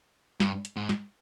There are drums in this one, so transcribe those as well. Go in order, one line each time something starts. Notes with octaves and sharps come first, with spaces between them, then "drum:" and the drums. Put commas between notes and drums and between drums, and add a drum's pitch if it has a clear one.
G2, drum: snare
drum: hi-hat
G#2
drum: snare